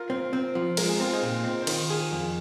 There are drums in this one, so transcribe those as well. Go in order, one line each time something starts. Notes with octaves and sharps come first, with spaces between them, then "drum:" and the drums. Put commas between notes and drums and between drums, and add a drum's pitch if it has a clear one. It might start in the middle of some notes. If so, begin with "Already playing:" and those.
Already playing: F4 A#4
C4
C4
F3
G#3 A#4, drum: cymbal
G#4
C4 F4
D#4 G#4
A#2
C4
C5
D#3 F4 A#4, drum: cymbal
G#4
F2